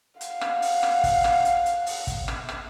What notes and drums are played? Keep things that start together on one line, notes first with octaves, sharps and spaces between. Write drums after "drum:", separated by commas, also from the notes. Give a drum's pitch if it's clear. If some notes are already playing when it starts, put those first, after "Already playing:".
F5 F#5, drum: hi-hat
drum: rim click
drum: open hi-hat
drum: rim click
drum: kick, open hi-hat
drum: rim click
drum: hi-hat
drum: hi-hat
drum: open hi-hat
drum: kick, hi-hat
drum: rim click
drum: rim click